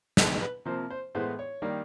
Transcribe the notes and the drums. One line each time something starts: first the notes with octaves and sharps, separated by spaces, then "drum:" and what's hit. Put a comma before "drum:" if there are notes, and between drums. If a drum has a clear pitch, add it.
B2 G#3 B3 A4, drum: snare
B4
C3 F3 A#3 C5
C5
A2 E3 G#3 B3 C5
C#5
D#3 G3 A#3